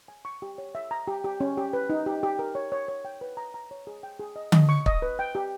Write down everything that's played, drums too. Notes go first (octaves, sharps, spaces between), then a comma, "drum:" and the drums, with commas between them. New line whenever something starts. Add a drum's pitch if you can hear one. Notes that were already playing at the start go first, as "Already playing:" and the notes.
G#5
C#6
G4
C#5
E5
A#5
G4
G4
C#4
G4
B4
D#4
G4
G4
A#4
C#5
C#5
C#5
G5
B4
A#5
A#5
C#5
G#4
G5
G#4
D#5
D#5, drum: tom D3
C#6
D#5, drum: kick
B4
G5
G4